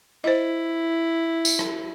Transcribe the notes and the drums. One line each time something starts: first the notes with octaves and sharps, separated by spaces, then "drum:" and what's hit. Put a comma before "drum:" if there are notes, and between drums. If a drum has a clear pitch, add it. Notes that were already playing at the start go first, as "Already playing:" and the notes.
E4 C5 D#5
drum: tambourine
drum: rim click